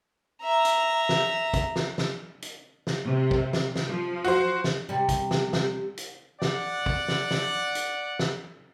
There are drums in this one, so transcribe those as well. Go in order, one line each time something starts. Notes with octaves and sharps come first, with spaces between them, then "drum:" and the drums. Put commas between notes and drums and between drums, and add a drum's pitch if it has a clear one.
E5 A#5
drum: hi-hat
drum: snare
drum: kick, hi-hat
drum: snare
drum: snare
drum: hi-hat
drum: snare
C3
drum: kick
drum: snare
drum: snare
F3
F#4 C5
drum: snare
C3 G3
drum: kick, hi-hat
drum: snare
drum: snare
drum: hi-hat
D5 F#5, drum: snare
drum: kick
drum: snare
drum: snare
drum: hi-hat
drum: snare